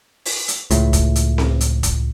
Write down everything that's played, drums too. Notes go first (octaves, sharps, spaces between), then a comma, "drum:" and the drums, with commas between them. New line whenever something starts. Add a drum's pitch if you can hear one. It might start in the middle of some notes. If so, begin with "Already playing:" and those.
drum: open hi-hat
drum: hi-hat
C#2 A2, drum: hi-hat
drum: kick, hi-hat
drum: hi-hat
drum: snare C4
drum: hi-hat
drum: kick, hi-hat